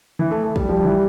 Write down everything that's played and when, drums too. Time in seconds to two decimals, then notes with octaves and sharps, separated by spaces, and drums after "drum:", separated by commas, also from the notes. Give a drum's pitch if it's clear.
0.19 E3
0.31 A3
0.44 A3
0.56 G3, drum: kick
0.69 F3 G3
0.85 E3